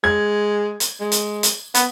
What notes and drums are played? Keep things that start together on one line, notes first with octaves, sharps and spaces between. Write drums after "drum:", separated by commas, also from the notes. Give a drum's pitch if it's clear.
G#3 G#6
drum: hi-hat
G#3
drum: hi-hat
drum: hi-hat
B3, drum: hi-hat